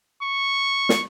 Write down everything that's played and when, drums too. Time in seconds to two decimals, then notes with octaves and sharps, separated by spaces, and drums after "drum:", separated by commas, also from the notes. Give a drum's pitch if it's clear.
0.22 C#6
0.89 drum: snare